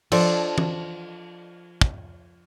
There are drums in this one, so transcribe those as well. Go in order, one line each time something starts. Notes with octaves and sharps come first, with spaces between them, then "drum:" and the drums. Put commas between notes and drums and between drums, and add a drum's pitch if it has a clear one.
F3 D4 A4 D5, drum: cymbal
drum: tom E3
drum: kick